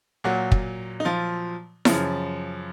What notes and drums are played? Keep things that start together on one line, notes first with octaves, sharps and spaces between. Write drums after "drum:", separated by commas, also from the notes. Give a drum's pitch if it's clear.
A#2 F#3 F#4
drum: kick
D#4
F3 F4
F#2 C#3 F3, drum: snare E4